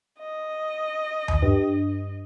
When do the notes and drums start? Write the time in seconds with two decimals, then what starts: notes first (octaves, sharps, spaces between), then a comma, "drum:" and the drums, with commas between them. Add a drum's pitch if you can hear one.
0.19 D#5
1.28 drum: tom D#2
1.42 G2